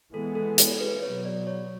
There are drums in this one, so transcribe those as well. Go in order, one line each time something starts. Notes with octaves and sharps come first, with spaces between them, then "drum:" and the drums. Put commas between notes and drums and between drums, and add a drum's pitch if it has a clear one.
E3 G#3 B3 A4
A4
A4, drum: hi-hat
B4
B2 F#3 B3 C#5
D5
C#5